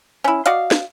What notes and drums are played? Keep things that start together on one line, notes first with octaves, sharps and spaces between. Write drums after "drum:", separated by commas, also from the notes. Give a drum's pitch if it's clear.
C#4 E4
F#4 D5 D#5 F5, drum: hi-hat
drum: snare